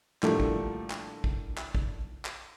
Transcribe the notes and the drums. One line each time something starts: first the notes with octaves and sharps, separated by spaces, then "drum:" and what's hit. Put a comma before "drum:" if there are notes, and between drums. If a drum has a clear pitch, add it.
A2 D3 F3 G3 A3 A#3, drum: clap
drum: kick
drum: clap
drum: kick
drum: clap
drum: kick
drum: clap